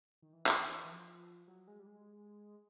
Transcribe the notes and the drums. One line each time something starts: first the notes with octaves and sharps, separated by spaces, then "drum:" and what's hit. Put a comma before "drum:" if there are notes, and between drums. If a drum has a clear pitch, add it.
D#3
E3
drum: clap
E3
F3
F#3
G#3
G3
G#3